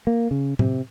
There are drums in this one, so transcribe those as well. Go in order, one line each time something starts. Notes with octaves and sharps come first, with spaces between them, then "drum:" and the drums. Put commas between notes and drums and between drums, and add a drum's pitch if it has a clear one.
A#3
C#3
C3, drum: tom A2